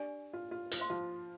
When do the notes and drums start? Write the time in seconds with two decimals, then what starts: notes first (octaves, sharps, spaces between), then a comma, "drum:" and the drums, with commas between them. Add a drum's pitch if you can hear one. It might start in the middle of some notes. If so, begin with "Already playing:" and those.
Already playing: D4 G4 D5 G#5
0.33 F4
0.51 F4
0.71 F4, drum: hi-hat
0.79 C5 F5 C6
0.90 F3 F4